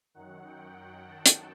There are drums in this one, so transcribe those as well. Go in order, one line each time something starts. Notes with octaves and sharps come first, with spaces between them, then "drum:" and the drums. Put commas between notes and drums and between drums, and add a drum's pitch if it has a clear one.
F#2 D#3 F#3 F#5
G5
G5
A5
drum: hi-hat